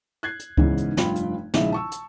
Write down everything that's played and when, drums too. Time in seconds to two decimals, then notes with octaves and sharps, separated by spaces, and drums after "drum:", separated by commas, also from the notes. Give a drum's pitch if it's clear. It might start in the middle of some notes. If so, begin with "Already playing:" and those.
0.23 F#6 G#6 C7
0.40 drum: hi-hat
0.57 E2 G#2 C#3 E3, drum: kick C#2
0.78 drum: hi-hat
0.97 F1 G2 F4 F5 G5 B5, drum: snare
1.16 drum: hi-hat
1.54 A#1 C#3 G#3 D#4 E4 E5, drum: snare
1.72 A5 C#6 E6
1.92 drum: hi-hat